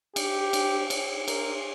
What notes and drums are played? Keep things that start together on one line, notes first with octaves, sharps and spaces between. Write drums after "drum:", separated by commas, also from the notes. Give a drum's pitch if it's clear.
G4, drum: cymbal
drum: cymbal
drum: cymbal
A#4, drum: cymbal